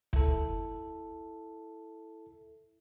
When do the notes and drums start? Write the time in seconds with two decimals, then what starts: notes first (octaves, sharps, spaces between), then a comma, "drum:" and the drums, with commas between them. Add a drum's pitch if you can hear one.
0.13 E4 A4, drum: kick